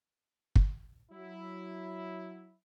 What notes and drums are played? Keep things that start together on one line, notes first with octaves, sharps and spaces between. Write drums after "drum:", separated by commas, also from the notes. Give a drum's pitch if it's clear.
drum: kick
F#3 E4